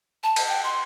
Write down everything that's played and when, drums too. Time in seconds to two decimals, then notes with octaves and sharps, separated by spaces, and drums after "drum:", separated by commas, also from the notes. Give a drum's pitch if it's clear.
0.24 A5
0.36 drum: cymbal
0.49 G5
0.64 C6